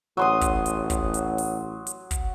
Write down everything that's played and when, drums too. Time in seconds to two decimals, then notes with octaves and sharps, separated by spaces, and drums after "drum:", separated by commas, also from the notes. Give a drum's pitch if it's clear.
0.17 A1 F#3 C6 D#6
0.41 drum: kick, hi-hat
0.66 drum: hi-hat
0.90 drum: kick, hi-hat
1.14 drum: hi-hat
1.38 drum: open hi-hat
1.87 drum: hi-hat
2.11 drum: kick, hi-hat